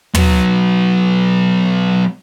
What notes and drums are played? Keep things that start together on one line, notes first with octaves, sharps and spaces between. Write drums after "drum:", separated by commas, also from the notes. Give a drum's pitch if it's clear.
F#3 B3, drum: tom